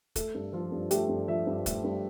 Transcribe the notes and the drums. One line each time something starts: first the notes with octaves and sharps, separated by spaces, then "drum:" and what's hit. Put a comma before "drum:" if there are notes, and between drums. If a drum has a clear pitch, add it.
A3 A4, drum: kick, hi-hat
G2
F3 F4
G2
A3 G4, drum: hi-hat
G2
F3 E5
G2
A3, drum: kick, hi-hat
G2